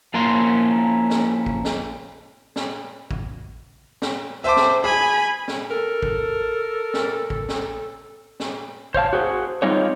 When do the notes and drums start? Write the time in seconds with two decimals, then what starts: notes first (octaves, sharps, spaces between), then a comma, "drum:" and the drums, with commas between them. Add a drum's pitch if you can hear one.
0.14 F3 A#3 C#4 E4 F5 C6
1.10 drum: snare
1.46 drum: kick A1
1.65 drum: snare
2.56 drum: snare
3.11 drum: kick A1
4.02 drum: snare
4.44 C5 E5 A5 D6
4.57 drum: snare
4.84 G#4 G#5 B5
5.48 drum: snare
5.70 A4 A#4
6.03 drum: kick A1
6.94 drum: snare
7.30 drum: kick A1
7.48 drum: snare
8.40 drum: snare
8.94 C5 C#5 F5 A5, drum: kick A1
9.13 F#4 G#4 C5
9.62 G3 C4 D#4 F4 G#4 C#5